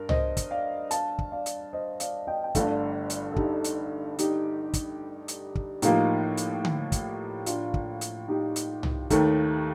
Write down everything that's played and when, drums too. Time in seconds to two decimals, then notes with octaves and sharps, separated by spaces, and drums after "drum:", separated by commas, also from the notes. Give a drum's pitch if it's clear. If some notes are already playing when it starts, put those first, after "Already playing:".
Already playing: G2 A#4
0.09 C5 D#5, drum: tom C2
0.37 drum: kick, hi-hat
0.51 D5 F5
0.91 F5 A5, drum: hi-hat
1.19 drum: kick
1.32 D5 F5
1.46 drum: hi-hat
1.73 C5 D#5
2.00 D5 F5, drum: hi-hat
2.27 D#5 G5
2.44 G5
2.55 G1 G2 D3 A3 D5 F5, drum: kick, hi-hat
3.10 drum: hi-hat
3.32 A4
3.36 D#4 G4, drum: kick
3.64 drum: hi-hat
4.19 D#4 G4, drum: hi-hat
4.73 drum: kick, hi-hat
5.28 drum: hi-hat
5.55 drum: kick
5.82 A2 F3 A#3 D#4 G4, drum: hi-hat
6.37 drum: hi-hat
6.65 drum: tom D3
6.92 drum: kick, hi-hat
7.46 D4 F4, drum: hi-hat
7.74 drum: kick
8.01 drum: hi-hat
8.28 D#4 G4
8.56 drum: hi-hat
8.83 drum: tom C2
9.10 D#2 D#3 A3, drum: kick, hi-hat